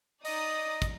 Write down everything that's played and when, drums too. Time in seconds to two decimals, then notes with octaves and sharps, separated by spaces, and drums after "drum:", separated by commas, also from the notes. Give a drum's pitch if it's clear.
0.25 D#4 D5 D#5 D#6, drum: open hi-hat
0.82 drum: kick, hi-hat